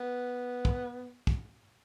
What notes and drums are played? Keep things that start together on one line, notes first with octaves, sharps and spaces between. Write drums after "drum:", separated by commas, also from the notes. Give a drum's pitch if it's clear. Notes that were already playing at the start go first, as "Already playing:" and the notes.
Already playing: B3
drum: kick
drum: kick